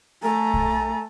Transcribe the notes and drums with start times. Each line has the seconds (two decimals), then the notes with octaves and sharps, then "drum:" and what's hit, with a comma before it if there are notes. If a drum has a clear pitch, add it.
0.23 A3 A4 G#5 A#5
0.54 drum: kick